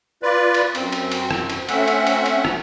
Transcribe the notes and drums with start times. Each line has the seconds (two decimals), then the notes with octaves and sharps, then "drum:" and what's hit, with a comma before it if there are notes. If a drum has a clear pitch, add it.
0.23 F4 B4 D5
0.54 drum: cymbal
0.75 F#2 C4, drum: cymbal
0.92 drum: cymbal
1.12 drum: cymbal
1.31 drum: rim click
1.50 drum: cymbal
1.69 A3 C4 C#4 E5 F#5, drum: cymbal
1.88 drum: cymbal
2.07 drum: cymbal
2.26 drum: cymbal
2.45 drum: rim click